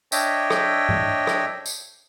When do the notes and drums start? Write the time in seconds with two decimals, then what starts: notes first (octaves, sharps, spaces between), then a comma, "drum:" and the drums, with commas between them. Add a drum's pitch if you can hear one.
0.12 D4 C#5 D#5 E5 G5, drum: tambourine
0.50 drum: rim click
0.89 drum: tom G#2
1.27 drum: rim click
1.66 drum: tambourine